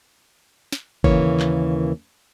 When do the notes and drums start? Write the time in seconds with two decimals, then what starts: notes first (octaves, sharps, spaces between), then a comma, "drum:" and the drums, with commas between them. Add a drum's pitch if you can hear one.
0.72 drum: snare
1.04 D#2 C#3 E3 A#3 C#5, drum: kick
1.40 drum: clap